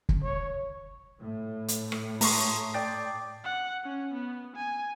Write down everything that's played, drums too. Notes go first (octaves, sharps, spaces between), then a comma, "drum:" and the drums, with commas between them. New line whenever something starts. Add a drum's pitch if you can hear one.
drum: kick
C#5
A2
drum: hi-hat
drum: rim click
A3 A5 A#5 C6 C#6 D#6 C7, drum: open hi-hat
D5 G5 D6 A6
F#5
C#4
B3
G#5